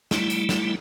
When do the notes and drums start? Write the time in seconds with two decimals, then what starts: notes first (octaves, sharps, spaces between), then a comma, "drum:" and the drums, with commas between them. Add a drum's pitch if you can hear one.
0.11 G3 A3 E4, drum: snare
0.30 drum: hi-hat
0.49 drum: snare